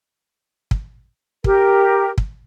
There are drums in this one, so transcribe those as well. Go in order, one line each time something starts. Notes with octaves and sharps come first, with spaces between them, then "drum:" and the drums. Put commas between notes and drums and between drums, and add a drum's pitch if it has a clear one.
drum: kick
G4 A#4, drum: kick
drum: kick